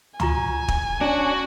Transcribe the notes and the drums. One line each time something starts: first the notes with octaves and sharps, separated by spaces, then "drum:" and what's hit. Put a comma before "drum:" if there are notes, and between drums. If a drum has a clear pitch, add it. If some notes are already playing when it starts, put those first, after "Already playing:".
F4 G#5 A#5 C#6, drum: tom C#2
drum: kick
C#4 D4 F#4